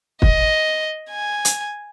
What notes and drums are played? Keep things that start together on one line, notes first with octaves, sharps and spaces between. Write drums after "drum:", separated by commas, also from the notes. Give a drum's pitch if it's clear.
D#5, drum: kick
G#5
drum: hi-hat